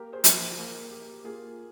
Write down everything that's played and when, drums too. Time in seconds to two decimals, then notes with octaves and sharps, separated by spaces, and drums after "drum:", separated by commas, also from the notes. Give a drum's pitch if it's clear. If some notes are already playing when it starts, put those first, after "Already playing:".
Already playing: A#3 G4 A#4
0.12 G#4 C5
0.24 F3, drum: hi-hat
0.57 A#3
0.91 G4
1.24 A#3 F4 G#4